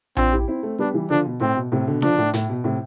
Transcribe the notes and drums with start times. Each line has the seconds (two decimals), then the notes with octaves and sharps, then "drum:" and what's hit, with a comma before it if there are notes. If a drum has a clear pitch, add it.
0.17 C4 D4 F4, drum: tom A#1
0.32 E4 G4
0.48 C4 E4
0.63 A3 C4
0.79 G3 B3 D4
0.94 E3 G3
1.10 D3 F3 D4
1.25 B2
1.40 A2 C4
1.56 B2
1.72 A2 C3
1.87 B2 D3
2.02 D3 F3 D4, drum: snare D#4
2.18 A2
2.34 A2, drum: hi-hat
2.49 B2
2.64 A2 C3